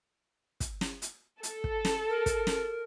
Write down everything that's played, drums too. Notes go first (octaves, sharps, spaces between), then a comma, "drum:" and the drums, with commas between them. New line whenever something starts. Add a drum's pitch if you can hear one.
drum: kick, hi-hat
drum: snare
drum: hi-hat
A4, drum: hi-hat
drum: kick
drum: snare
A#4
drum: kick, hi-hat
drum: snare